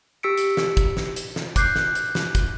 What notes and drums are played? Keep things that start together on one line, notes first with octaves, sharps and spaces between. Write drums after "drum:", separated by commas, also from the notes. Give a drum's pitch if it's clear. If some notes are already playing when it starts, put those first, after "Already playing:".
G4 E6 B6 C#7 D7
drum: hi-hat
drum: snare
drum: kick, hi-hat
drum: snare
drum: hi-hat
drum: snare
D6 F#6 G6 C7, drum: kick, hi-hat
drum: snare
drum: hi-hat
drum: snare
drum: kick, hi-hat